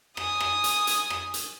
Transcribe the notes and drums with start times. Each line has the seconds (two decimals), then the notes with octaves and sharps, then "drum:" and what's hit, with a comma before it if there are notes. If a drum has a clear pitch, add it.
0.17 G#5 D#6, drum: rim click
0.40 drum: rim click
0.64 drum: hi-hat
0.87 drum: hi-hat
1.10 drum: rim click
1.34 drum: hi-hat